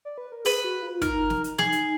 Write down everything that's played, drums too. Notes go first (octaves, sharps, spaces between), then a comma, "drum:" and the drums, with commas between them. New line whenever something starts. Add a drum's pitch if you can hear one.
D5
B4
A#4
G#4 B4, drum: open hi-hat
F#4
F4
D#4 A#4, drum: kick, hi-hat
drum: snare
drum: hi-hat
G#4, drum: snare
drum: hi-hat